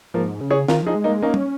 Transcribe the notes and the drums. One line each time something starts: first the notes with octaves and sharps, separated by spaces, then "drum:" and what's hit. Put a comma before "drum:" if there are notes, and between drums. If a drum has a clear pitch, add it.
G#2 F3 A#3
C#3
G#4 C#5
D#3 F4 A#4, drum: snare C4
F3 D#4 G#4
G#3
A#3 D#4
G#3
A#3 C#4 D#4
drum: tom